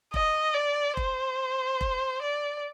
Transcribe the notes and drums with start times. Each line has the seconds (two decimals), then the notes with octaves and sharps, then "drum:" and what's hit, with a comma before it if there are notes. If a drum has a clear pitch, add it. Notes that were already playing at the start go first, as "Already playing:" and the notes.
0.14 D#5, drum: kick F1
0.55 D5
0.97 C5, drum: kick F1
1.81 drum: kick F1
2.22 D5